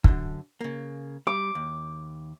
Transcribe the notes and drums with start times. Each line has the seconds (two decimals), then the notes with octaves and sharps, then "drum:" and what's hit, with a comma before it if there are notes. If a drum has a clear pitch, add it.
0.04 F#2 D3, drum: kick
0.61 C#3 A#3
1.27 G3 D6
1.55 D#2